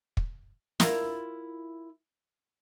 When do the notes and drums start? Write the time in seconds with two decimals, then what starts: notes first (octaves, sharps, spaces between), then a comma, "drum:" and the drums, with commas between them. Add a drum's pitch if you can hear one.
0.17 drum: kick
0.80 E4 F4 A#4, drum: snare